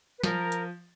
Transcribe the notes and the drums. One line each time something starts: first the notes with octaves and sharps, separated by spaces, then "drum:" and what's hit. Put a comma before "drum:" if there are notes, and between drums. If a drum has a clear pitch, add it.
B4
F3 A#4, drum: snare
drum: hi-hat